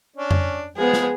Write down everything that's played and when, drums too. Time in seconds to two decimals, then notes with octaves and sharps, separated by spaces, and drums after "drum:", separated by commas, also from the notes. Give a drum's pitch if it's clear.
0.16 C#4 D4
0.31 drum: tom F2
0.77 F3 G#3 B3 G#4
0.93 drum: snare